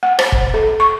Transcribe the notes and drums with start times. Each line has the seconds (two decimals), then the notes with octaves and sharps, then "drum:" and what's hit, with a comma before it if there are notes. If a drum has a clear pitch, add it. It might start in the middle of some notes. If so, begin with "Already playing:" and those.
0.03 F#5
0.19 C5, drum: rim click
0.32 drum: kick
0.54 A4
0.80 C#6